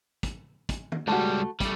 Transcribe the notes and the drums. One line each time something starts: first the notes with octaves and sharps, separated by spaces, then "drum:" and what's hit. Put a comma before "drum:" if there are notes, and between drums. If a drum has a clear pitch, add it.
drum: kick, hi-hat
drum: kick, hi-hat
drum: tom D#3
C#2 G3 A3 F#4
G3 A3, drum: kick, hi-hat